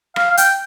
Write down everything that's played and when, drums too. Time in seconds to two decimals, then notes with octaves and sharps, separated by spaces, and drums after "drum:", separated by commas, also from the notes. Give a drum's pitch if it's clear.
0.16 F5, drum: rim click
0.30 F5
0.37 G5, drum: hi-hat